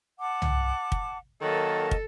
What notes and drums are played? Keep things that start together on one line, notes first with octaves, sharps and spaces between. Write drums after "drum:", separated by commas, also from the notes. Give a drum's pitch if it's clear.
F#5 A5 D6
drum: tom C2
drum: kick
D#3 F#3 A#3 A4 D#5 A5
drum: kick